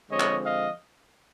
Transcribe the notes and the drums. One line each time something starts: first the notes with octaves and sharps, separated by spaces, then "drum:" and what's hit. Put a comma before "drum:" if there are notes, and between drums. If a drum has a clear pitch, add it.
D3 F3 G#3 C4 C#5 D#5
drum: clap
D#5 F5